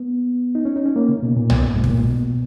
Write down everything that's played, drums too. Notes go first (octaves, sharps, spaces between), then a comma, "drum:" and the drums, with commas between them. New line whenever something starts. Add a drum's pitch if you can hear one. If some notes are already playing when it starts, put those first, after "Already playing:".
Already playing: B3
D#4
C#4
D#4
C#4
A#3
C#3
B2
A#2
B2, drum: tom B1
A#2
G#2
B2, drum: kick
A#2
B2